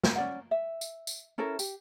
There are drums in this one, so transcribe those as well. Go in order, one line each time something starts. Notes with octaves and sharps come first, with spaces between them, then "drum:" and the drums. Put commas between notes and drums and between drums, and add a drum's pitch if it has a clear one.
drum: snare
C#4 D5 F#5
E5
drum: tambourine
drum: tambourine
C#4 E4 A4 A#4
G4, drum: tambourine